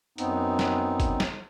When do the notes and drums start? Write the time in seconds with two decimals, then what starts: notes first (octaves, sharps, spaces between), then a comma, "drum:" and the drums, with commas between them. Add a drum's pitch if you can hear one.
0.18 F#2 B3 C4 D#4, drum: hi-hat
0.59 drum: snare
1.00 drum: kick, hi-hat
1.20 drum: snare